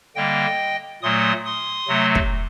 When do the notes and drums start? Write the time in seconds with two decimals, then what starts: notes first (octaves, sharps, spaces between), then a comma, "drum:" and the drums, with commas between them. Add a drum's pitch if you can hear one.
0.16 D3 G3 A#3 D#5 G5
1.02 A#2 F#3 A3 C6 D#6
1.45 C6 D#6
1.88 C3 F#3 A3
2.15 drum: kick